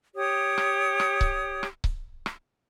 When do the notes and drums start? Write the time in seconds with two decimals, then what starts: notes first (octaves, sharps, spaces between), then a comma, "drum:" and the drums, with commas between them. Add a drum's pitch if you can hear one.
0.16 G4 C#5 D#6
0.58 drum: rim click
1.00 drum: rim click
1.21 drum: kick C#1
1.63 drum: rim click
1.84 drum: kick C#1
2.26 drum: rim click